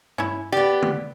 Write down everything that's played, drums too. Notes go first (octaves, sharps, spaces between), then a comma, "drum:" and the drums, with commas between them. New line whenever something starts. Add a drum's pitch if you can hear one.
C#4 E4, drum: tom G2
B3 G4 D5
drum: tom